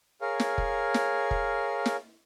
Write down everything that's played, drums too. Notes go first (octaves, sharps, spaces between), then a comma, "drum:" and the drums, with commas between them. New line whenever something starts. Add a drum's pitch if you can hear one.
G#4 A#4 C#5 F5
drum: snare
drum: kick F1
drum: snare
drum: kick F1
drum: snare